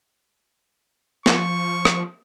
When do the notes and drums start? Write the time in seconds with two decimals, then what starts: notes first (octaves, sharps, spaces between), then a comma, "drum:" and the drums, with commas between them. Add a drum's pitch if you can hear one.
1.26 F3 C#6, drum: snare
1.85 drum: rim click